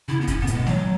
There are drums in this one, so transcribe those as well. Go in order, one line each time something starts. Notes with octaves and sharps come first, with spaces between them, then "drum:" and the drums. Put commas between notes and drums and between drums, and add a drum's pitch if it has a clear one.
C#3 E4
B3
C#4, drum: kick, hi-hat
A2 B3
B2, drum: hi-hat
G#3
F#3, drum: snare A3